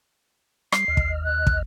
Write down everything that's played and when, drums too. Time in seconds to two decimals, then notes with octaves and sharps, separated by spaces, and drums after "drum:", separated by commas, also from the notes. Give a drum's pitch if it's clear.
0.72 G3 C7, drum: rim click
0.88 D#2 D#5 F6
0.97 drum: kick
1.25 F#6
1.47 drum: kick